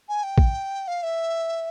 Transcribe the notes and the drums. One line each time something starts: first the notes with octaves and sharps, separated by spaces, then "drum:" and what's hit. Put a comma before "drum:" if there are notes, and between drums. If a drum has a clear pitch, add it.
G#5
G5
drum: kick
F5
E5